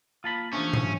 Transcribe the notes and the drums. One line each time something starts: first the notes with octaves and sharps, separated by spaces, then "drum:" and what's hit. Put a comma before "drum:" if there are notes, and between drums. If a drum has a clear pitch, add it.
A#3 F4 A5 B5
C3 E3 F3 A3 C#4 D4
drum: tom G#2